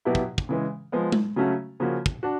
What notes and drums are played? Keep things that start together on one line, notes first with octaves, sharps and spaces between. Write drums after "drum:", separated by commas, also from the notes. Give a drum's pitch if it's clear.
B2 F#3 B3 E4 G4
drum: kick
drum: kick
C#3 E3 G#3
F3 G#3 B3
drum: tom G#3
C#3 F#3 A3 C#4 F#4
C#3 F3 A#3 C#4 F#4
drum: kick
D4 F#4